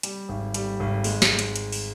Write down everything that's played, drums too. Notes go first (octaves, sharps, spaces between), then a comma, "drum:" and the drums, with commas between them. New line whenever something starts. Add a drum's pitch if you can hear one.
G3, drum: hi-hat
G#1
G3, drum: hi-hat
G#1
G#3, drum: open hi-hat
drum: snare
drum: hi-hat
drum: hi-hat
drum: open hi-hat